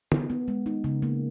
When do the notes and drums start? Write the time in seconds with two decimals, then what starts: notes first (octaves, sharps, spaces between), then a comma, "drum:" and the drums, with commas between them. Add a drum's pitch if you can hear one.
0.12 B3, drum: tom D3
0.30 B3
0.48 G#3
0.66 D#4
0.84 C#3
1.02 A#3